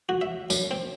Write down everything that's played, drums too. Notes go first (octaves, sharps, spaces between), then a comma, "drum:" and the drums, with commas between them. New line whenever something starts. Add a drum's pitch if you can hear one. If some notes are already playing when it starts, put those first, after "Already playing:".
F#4
E5
F#2, drum: tambourine
C4